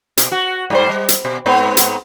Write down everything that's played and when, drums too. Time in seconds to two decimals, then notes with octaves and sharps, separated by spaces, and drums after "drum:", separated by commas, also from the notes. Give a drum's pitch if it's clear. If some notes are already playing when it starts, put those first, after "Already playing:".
0.17 B2, drum: hi-hat
0.32 F#4
0.70 G#2 G3 C5
0.89 G3
1.09 drum: hi-hat
1.25 B2
1.46 G#2 B3 C4
1.77 drum: hi-hat